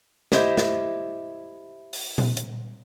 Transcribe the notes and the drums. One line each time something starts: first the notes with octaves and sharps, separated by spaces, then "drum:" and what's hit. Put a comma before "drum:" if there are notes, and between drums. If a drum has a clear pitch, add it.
E4 G4 C5 D#5 E5, drum: snare
drum: snare
drum: open hi-hat
drum: tom A#2
drum: hi-hat